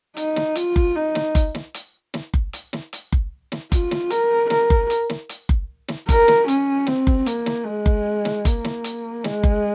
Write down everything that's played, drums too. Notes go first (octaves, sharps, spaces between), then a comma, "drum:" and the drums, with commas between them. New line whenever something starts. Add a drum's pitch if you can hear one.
D#4, drum: hi-hat
drum: snare
F4, drum: hi-hat
drum: kick F#1
D#4
drum: snare
drum: kick F#1, hi-hat
drum: snare
drum: hi-hat
drum: snare
drum: kick F#1
drum: hi-hat
drum: snare
drum: hi-hat
drum: kick F#1
drum: snare
F4, drum: kick F#1, hi-hat
drum: snare
A#4, drum: hi-hat
A#4, drum: snare
drum: kick F#1
drum: hi-hat
drum: snare
drum: hi-hat
drum: kick F#1
drum: snare
A#4, drum: kick F#1, hi-hat
drum: snare
C#4, drum: hi-hat
C4, drum: snare
drum: kick F#1
A#3, drum: hi-hat
drum: snare
G#3
drum: kick F#1
drum: snare
A#3, drum: kick F#1, hi-hat
drum: snare
drum: hi-hat
G#3, drum: snare
drum: kick F#1